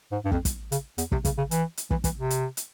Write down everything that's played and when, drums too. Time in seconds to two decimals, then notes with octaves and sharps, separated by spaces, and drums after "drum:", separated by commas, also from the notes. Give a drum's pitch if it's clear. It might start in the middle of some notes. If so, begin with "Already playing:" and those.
0.12 G#2
0.25 G2
0.32 F2, drum: kick
0.45 drum: kick, hi-hat
0.72 C#3, drum: hi-hat
0.98 E2, drum: hi-hat
1.12 C3, drum: kick
1.25 C#3, drum: kick, hi-hat
1.38 C#3
1.51 E3, drum: hi-hat
1.77 drum: hi-hat
1.91 E3, drum: kick
2.04 E3, drum: kick, hi-hat
2.17 C3
2.30 drum: hi-hat
2.57 drum: hi-hat